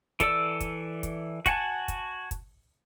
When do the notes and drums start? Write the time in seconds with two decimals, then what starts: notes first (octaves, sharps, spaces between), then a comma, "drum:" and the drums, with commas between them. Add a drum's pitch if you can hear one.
0.20 E3 A4 D5 E6, drum: kick, hi-hat
0.60 drum: kick, hi-hat
1.03 drum: kick, hi-hat
1.46 F#4 F#5 G#5 A5, drum: kick, hi-hat
1.88 drum: kick, hi-hat
2.31 drum: kick, hi-hat